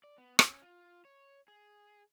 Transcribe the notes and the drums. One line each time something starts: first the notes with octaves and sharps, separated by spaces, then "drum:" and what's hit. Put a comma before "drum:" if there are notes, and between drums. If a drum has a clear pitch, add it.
D5
B3
C#4, drum: rim click
F4
C#5
G#4